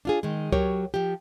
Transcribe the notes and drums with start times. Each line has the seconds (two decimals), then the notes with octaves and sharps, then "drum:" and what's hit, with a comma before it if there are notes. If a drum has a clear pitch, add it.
0.05 D4 F4 G#4
0.23 D#3 G#3
0.53 F#3 G4 A#4 C#5, drum: kick C#2
0.94 F3 G4